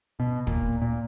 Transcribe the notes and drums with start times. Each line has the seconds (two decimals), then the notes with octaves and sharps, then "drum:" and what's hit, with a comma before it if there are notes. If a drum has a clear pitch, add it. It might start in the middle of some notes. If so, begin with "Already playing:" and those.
0.20 B2
0.47 A#2, drum: kick
0.82 A#2